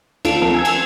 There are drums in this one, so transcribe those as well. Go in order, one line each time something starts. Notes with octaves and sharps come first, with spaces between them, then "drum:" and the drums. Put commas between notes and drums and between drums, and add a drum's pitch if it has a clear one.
D#2 D4 F4 A4 D7, drum: cymbal
F3 A3 C4 A4 A#4
G#5 E6 G#6
drum: cymbal